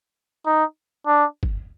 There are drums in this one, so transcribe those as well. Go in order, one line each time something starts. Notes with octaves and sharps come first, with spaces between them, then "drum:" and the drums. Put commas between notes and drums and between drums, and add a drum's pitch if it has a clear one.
D#4
D4
drum: kick G1